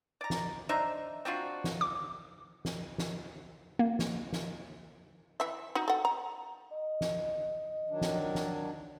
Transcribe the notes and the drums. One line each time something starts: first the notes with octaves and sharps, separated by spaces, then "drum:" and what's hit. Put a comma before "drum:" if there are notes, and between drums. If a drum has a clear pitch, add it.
D5 A#5
drum: snare
D4 D#4 C5 E5
C4 D4 F4 F#4
drum: snare
D6
drum: snare
drum: snare
A#3
drum: snare
drum: snare
E3 E5
D#4 F#4
A4 F#5
A#5
D#5
drum: snare
D#3 F#3 D4
drum: snare
drum: snare